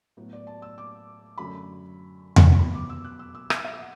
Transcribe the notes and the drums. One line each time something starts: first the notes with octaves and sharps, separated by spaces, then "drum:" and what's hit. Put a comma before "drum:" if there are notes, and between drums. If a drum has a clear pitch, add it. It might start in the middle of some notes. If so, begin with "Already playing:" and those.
A2 F#3 B3
D5
A5
E6
D6
F#2 D3 F#3 A3 B5
drum: tom E2
B2 F#3 B3 B5
D6
E6
F#6
E6
E6
E5, drum: rim click
E5
F#5